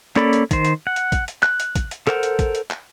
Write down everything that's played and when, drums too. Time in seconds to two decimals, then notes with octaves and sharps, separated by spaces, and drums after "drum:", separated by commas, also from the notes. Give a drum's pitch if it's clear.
0.16 A#3 C#4 A4 D5 B5, drum: clap
0.33 drum: hi-hat
0.51 D#3 C5, drum: kick, hi-hat
0.65 drum: hi-hat
0.87 F#5
0.96 drum: hi-hat
1.12 drum: kick, hi-hat
1.28 drum: hi-hat
1.43 F#6, drum: clap
1.60 drum: hi-hat
1.75 drum: kick, hi-hat
1.91 drum: hi-hat
2.07 A4 A#4 C5 F#5, drum: clap
2.23 drum: hi-hat
2.39 drum: kick, hi-hat
2.55 drum: hi-hat
2.71 drum: clap